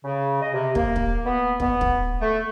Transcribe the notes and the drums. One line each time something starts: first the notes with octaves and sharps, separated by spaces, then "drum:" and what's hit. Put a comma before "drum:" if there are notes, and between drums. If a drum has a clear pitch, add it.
C#3
D#5
C3
A#3, drum: kick
drum: kick
B3
B3, drum: kick
drum: kick
A3